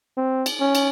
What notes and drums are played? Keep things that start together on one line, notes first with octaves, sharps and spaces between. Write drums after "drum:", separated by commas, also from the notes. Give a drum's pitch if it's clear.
C4
drum: cymbal
C#4
drum: cymbal